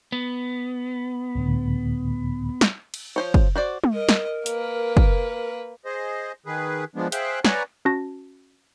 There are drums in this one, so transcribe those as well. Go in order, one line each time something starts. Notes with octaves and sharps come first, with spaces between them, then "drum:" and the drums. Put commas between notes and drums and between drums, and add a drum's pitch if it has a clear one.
B3
C#2 A2 D3
drum: snare
drum: cymbal
F3 C5 C#5
drum: kick
F#4 C5 D5
drum: tom
A#4 D#5
drum: snare
A#3 B4, drum: hi-hat
drum: kick
G#4 C5 D#5
D#3 G#4 B4
F3 G#3 B3 D4
G#4 C5 E5 F5 G5 F#6, drum: hi-hat
B4 C#5 D5 F#5 G#5 A#5, drum: snare
C#4 F#4 A5 A#6